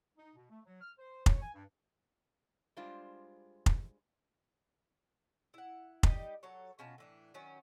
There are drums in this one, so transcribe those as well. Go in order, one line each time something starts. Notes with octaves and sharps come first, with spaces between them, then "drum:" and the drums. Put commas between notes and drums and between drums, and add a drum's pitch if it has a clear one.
D#4
B2
A3
F#3
F6
C5
C#5, drum: kick F1
G#5
G2
G3 G#3 D4 F4 C5
drum: kick F1
E4 F#5
G3 D#4 G4 D#5, drum: kick F1
F#3 A4 C#5
B2 C#4 F4 A5
A2 E3 D4
D#3 F#3 C#4